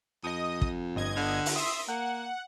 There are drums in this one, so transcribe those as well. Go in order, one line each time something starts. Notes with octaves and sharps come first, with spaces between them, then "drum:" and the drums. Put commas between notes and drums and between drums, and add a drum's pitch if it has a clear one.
F2 D#5 D#6
drum: kick
G1 D#5 G#6
D3
drum: open hi-hat
E5 C6 D#6
A#3 F#5